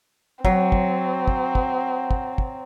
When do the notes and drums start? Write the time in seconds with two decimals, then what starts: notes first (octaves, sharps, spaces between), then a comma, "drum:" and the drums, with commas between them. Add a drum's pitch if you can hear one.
0.45 F#3 C4, drum: kick
0.72 drum: kick
1.28 drum: kick
1.55 drum: kick
2.11 drum: kick
2.38 drum: kick